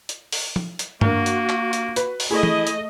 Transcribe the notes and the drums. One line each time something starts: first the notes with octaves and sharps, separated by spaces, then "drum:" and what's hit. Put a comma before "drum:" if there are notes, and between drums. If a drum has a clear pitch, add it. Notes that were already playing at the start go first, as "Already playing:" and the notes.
drum: hi-hat
drum: open hi-hat
drum: tom F3
drum: hi-hat
A#3 D4 F#4 A#4, drum: tom
drum: hi-hat
drum: clap
drum: hi-hat
B4, drum: hi-hat
drum: open hi-hat
A3 E4 G#4 D#5
drum: tom
drum: hi-hat